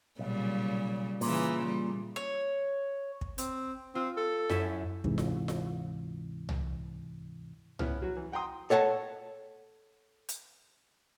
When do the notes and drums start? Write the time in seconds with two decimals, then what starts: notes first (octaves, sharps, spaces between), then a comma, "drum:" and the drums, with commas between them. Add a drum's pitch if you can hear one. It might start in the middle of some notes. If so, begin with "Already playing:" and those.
0.19 B1 A#2 C#3 G3
1.21 A#2 C#3 E3, drum: open hi-hat
1.66 G3
2.16 C#5
3.21 drum: kick
3.38 C4, drum: hi-hat
3.95 C4 F4
4.17 A4
4.49 F#2 E4 G#5, drum: snare F4
5.04 D2 G#2 C3 E3, drum: kick
5.18 drum: snare F4
5.48 drum: snare F4
6.49 drum: tom C2
7.79 B3 C#4 E4 F6, drum: tom C2
8.02 F#3 F#4
8.17 E3
8.32 F#5 G5 A#5 C6 D#6
8.70 A4 C#5 F#5 A5
10.29 drum: hi-hat